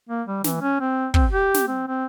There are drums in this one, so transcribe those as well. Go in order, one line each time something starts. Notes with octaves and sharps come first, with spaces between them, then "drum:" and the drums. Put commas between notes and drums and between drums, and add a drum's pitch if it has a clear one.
A#3
G3
E3, drum: snare
C#4
C4
C4, drum: kick
G4
drum: snare
C4
C4